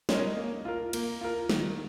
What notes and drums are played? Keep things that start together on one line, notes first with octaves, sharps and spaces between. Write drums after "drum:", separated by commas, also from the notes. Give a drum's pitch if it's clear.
G#3 C#4 A#4 D#5, drum: snare
A#3
F4 A#4
A#3, drum: cymbal
F4 A#4
D#3, drum: snare